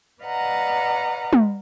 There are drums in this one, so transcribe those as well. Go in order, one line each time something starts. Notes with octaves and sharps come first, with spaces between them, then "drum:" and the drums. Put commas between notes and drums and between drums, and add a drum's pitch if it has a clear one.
B4 D5 D#5 F5 F#5 A#5
drum: tom